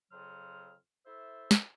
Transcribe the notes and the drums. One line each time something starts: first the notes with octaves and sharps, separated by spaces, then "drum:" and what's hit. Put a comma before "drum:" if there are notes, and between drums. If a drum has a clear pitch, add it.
F2 C#3 F#3 C6 F6
E4 A4 C5 E5
drum: snare